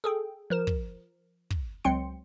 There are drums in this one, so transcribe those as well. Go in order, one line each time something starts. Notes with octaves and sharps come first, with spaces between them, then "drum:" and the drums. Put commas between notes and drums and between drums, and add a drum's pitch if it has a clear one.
G#4 A4 G5
F3 A#4 E7
drum: kick
drum: kick
C#2 F#3 C4 G5 C6 C#7